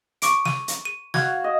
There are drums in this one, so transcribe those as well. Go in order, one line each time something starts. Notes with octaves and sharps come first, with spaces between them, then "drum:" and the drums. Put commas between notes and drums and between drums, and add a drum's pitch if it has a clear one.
C#6 D6 D7, drum: hi-hat
D#7, drum: snare
drum: hi-hat
D#7
F#4 F5 G#6, drum: snare
D#5